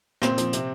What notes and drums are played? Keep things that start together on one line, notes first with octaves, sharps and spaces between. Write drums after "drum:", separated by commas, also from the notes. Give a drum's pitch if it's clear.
A#2 C4, drum: rim click
F3, drum: hi-hat
C3, drum: hi-hat